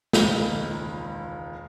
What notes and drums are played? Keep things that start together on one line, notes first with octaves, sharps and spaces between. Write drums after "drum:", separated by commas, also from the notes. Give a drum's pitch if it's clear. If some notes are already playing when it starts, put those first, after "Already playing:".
E1 C#2 A#2 D#3 D#4, drum: snare